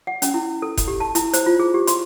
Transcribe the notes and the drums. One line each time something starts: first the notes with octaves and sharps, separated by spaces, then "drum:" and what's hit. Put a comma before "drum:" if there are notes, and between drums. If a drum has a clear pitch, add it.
F#5
C#4, drum: hi-hat
E4
A4
drum: kick F1, hi-hat
G4
A5
E4, drum: hi-hat
C5, drum: hi-hat
F4
G#4
G4
C6, drum: hi-hat